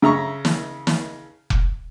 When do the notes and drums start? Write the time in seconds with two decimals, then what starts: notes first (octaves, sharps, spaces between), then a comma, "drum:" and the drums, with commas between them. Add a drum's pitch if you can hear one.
0.02 C#3 E5 A#5 C#6
0.45 drum: snare
0.87 drum: snare
1.50 drum: kick F1